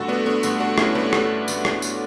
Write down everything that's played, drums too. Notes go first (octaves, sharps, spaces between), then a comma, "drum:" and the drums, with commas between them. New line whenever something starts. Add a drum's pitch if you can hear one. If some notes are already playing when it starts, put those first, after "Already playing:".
Already playing: G2 D3 A3 F#4 A4
B3 D4
B3 D4
G2 D3 A3, drum: tambourine
D4 F#4
C#4 E4, drum: rim click
G2 D3 A3 B3 D4
drum: rim click
G2 D3 A3, drum: tambourine
drum: rim click
drum: tambourine